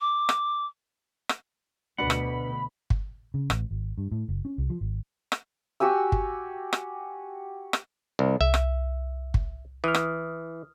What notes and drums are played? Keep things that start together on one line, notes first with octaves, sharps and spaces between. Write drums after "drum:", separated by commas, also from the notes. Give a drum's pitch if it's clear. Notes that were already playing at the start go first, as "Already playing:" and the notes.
D6
drum: rim click
drum: rim click
D2 B2 D4 B4 F#5 B5
drum: rim click
drum: kick G1
C#3
A1, drum: rim click
G#1
G2
A2
F#1
C#4
C2
F3
G#1
drum: rim click
F#4 G4 G#5 E6
drum: kick G1
drum: rim click
drum: rim click
C2
C2 E5
drum: rim click
drum: kick G1
E3 D#6 F6
drum: rim click